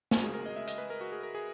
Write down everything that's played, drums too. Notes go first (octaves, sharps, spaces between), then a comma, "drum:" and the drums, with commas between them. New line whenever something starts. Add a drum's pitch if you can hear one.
C#3 G#3 F#4, drum: snare
G#4
A#4
D#5
E5
D#5, drum: hi-hat
B4
A#4
F#4
G#4
A#4
G#4